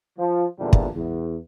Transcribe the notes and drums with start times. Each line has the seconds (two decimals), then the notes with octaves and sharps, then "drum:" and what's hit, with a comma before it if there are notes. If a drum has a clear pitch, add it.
0.18 F3
0.59 E2 A#2 D3 F3 G3 D4
0.73 drum: kick
0.96 E2